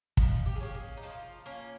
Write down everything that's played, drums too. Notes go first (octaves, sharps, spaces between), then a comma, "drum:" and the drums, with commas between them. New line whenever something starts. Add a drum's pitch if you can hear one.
F3 D#4, drum: kick
G4
G#4
A#3 C#4 G4
G#4
D#4
F3 F4
A#3 C#4